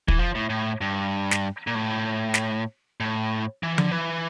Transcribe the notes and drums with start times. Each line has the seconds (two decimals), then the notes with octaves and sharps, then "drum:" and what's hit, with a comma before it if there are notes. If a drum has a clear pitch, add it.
0.08 E3, drum: kick
0.19 F3
0.35 A2
0.50 A2
0.81 G2
1.31 drum: snare
1.67 A#2
1.75 A2
2.34 drum: snare
3.00 A2
3.63 E3
3.78 D3, drum: tom F3
3.91 E3